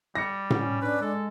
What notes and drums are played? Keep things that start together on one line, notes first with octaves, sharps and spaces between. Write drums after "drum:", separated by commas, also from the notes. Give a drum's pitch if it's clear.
G3 A#6 C#7
C#4, drum: tom A2
D4 B4
G#3 A4